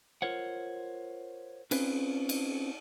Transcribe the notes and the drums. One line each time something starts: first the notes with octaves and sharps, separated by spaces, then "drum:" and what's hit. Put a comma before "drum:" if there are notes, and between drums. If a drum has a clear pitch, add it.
F4 A#4 C5 C#5 F#5
C4 C#4 F4 B4 C5, drum: cymbal
drum: cymbal